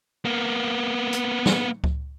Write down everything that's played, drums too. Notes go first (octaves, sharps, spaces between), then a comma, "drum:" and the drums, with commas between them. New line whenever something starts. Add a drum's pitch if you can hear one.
A#3 B3
drum: hi-hat
drum: snare
drum: kick C#2